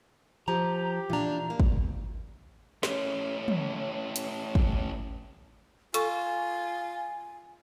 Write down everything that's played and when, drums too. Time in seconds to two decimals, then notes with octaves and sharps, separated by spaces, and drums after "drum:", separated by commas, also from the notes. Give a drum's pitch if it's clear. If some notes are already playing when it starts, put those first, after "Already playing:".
0.48 F3 G4 A#5
1.10 A#2 E3 D4 F4 A#5
1.50 A#3
1.60 drum: kick
2.83 A2 C#4, drum: snare
3.48 drum: tom
4.16 drum: hi-hat
4.55 drum: kick
5.94 F4 A4 G#5 C#6, drum: hi-hat